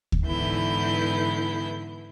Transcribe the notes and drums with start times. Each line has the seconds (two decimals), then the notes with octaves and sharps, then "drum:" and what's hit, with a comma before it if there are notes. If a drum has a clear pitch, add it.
0.12 drum: kick D2
0.25 G#2 D3 E3 B3 E4 G6